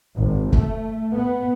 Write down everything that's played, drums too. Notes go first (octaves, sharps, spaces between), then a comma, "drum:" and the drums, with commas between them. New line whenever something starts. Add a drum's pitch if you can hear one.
G#1
A3, drum: kick
B3